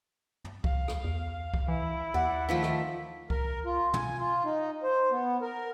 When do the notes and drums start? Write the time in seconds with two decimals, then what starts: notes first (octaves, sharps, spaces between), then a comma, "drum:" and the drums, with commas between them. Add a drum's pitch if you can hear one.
0.45 drum: tom
0.64 F5, drum: kick C2
0.88 drum: rim click
1.04 E2
1.54 drum: kick C2
1.68 E3 E4
2.14 D#2 D5 F#5
2.49 D#3 F3 A3 B6
2.63 drum: rim click
3.30 A#4, drum: kick C2
3.66 F4
3.93 G#5, drum: tom
4.19 F4
4.45 D#4
4.83 C5
5.11 B3
5.42 A#4